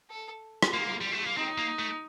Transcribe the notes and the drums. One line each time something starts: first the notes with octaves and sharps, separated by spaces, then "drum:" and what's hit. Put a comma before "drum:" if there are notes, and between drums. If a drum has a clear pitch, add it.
A4
drum: rim click
A#3
G3
A3
A#3
C4 D#4
A#3
A3